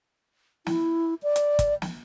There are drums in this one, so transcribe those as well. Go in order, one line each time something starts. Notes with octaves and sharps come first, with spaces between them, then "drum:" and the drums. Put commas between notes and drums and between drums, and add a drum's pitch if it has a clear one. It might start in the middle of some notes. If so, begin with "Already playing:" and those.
E4, drum: snare
D5
drum: hi-hat
drum: kick, hi-hat
drum: snare